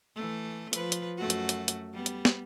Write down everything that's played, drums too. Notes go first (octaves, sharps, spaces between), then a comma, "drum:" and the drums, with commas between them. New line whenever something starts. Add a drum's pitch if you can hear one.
E3 A3
F3 B4, drum: hi-hat
drum: hi-hat
F#2 A3 F#4
drum: hi-hat
drum: hi-hat
drum: hi-hat
G3 B3
drum: hi-hat
drum: snare